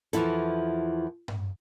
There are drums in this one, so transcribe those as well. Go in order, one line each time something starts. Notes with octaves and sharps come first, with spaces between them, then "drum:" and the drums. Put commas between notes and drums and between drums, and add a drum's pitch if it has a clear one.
E2 E3 F3 E4 A4, drum: hi-hat
drum: tom G2